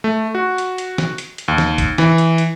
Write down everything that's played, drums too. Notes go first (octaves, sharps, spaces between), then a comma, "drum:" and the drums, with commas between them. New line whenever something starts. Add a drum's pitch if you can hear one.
A3
F#4
drum: hi-hat
drum: hi-hat
drum: snare
drum: hi-hat
drum: hi-hat
D#2
drum: snare
drum: kick, hi-hat
E3, drum: snare
drum: hi-hat
drum: hi-hat